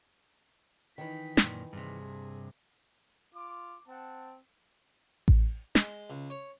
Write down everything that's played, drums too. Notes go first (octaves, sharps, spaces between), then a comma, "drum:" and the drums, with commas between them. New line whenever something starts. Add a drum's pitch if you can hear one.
D#3 E3 D#4 B6
F#2 A#2, drum: snare
G2 C3 G#4
F4 D6
C4 F#5 A5
drum: kick A1
G#3, drum: snare
C#2
C#5